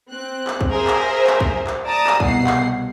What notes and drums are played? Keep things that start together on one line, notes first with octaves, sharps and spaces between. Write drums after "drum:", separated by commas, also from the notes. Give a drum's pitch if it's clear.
C4 F#6
drum: clap
drum: kick
G#4 A#4 C5 E5
drum: clap
drum: clap
drum: kick
drum: clap
D5 A5 A#5 D#6
drum: clap
C2 B2 F#5 C7, drum: kick
drum: clap